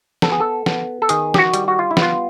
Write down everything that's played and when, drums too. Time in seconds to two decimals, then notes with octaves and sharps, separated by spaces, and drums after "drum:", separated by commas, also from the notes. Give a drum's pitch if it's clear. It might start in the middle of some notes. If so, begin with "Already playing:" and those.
0.22 B3 A4, drum: snare
0.32 G#4
0.40 A4
0.66 B3, drum: snare
1.02 A4
1.09 D#3 G#4, drum: hi-hat
1.34 G4, drum: snare
1.38 F#4
1.54 G3, drum: hi-hat
1.68 F#4
1.79 F4
1.91 E4
1.97 B3, drum: snare
2.02 F4